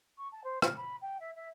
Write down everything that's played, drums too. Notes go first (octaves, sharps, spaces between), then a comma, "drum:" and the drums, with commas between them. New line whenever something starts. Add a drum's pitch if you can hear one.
C#6
A5
C5
F6, drum: rim click
B5
G5
E5
E5